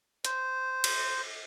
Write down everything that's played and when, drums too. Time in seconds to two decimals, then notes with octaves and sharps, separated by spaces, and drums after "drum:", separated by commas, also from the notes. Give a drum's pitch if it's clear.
0.25 C5, drum: hi-hat
0.84 drum: cymbal